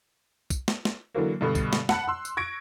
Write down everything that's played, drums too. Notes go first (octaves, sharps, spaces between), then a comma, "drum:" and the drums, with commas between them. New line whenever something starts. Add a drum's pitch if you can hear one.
drum: kick, tambourine
drum: snare
drum: snare
D3 E3 F#3 A#3
G2 B2 D3
drum: kick, tambourine
drum: snare
F#5 A5 B5 F#6, drum: snare
C6 E6
drum: tambourine
C#6 G#6 A#6 D7